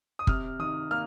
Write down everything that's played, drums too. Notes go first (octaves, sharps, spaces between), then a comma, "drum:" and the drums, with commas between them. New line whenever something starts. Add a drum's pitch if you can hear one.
D#6
C3 F6, drum: kick
D#3 D#6
A#3 F6